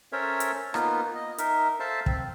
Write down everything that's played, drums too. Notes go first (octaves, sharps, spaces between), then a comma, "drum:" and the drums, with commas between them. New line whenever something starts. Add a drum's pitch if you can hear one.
C#4 A4 A#4 C5 C#5 E5
drum: hi-hat
A#3 B3 D#4 F4, drum: rim click
D#5
D#4 A#4 E5, drum: hi-hat
A4 C5 E5 F5 A5
C4, drum: kick